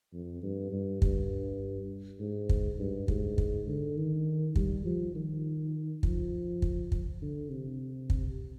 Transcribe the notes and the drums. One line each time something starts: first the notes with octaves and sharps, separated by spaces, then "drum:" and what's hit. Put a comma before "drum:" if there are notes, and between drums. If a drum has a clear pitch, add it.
F2
G2
G2
G2, drum: kick
G#2
drum: kick
G2
G#2, drum: kick
drum: kick
D3
D#3
G3, drum: kick
F3
D#3
F3, drum: kick
drum: kick
drum: kick
D3
C3
drum: kick